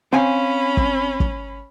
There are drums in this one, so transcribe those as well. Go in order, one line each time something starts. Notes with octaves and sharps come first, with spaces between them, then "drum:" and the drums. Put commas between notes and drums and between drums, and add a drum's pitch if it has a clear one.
C4 C#4 F5 G#5 B5
drum: kick
drum: kick